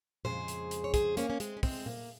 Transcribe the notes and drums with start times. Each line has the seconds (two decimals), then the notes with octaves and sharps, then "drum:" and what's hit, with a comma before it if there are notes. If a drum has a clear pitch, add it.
0.25 F2 C#3 G#3 G#4 C5, drum: tom A#2
0.48 drum: hi-hat
0.71 drum: hi-hat
0.84 C#5
0.94 G#4 C5, drum: kick, hi-hat
1.17 A#3 C#4, drum: hi-hat
1.30 C#4
1.40 G#3 C4, drum: hi-hat
1.57 C#4
1.63 G#3 C4, drum: kick, open hi-hat
1.86 A#3, drum: tom A#2